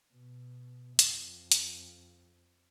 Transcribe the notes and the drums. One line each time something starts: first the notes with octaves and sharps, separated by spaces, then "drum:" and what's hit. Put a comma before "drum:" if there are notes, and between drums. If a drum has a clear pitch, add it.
B2
F2, drum: hi-hat
drum: hi-hat